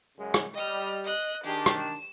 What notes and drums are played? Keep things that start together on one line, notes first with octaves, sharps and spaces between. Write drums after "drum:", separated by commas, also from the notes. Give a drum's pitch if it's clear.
F#2 C#3 G#3
drum: rim click
G3 D#5 F6
D#5 F#6
D#3 D4 G4 G#4
drum: rim click
E7